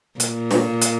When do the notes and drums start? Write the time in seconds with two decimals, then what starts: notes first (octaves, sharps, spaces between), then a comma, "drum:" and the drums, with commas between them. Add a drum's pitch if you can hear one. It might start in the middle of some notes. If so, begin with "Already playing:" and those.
0.20 A#2, drum: hi-hat
0.51 drum: snare
0.82 drum: hi-hat